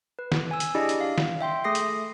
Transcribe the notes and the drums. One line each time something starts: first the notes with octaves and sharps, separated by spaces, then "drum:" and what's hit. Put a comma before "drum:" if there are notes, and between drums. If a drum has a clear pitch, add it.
B4
drum: snare
G#5 E6
drum: hi-hat
D4 E4 G4 G#4 D5 D#5
drum: hi-hat
F5
drum: snare
E5 G5 C6
A3 G#4 D#6 A#6 C7
drum: hi-hat